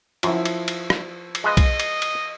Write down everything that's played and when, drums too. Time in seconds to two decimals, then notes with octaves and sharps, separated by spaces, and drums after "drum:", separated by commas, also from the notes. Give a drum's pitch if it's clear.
0.23 F#2 F3 E4, drum: cymbal
0.45 drum: cymbal
0.68 drum: cymbal
0.90 drum: rim click
1.35 drum: cymbal
1.44 G#3 F4 B4 D#5
1.57 drum: kick, cymbal
1.80 drum: cymbal
2.02 drum: cymbal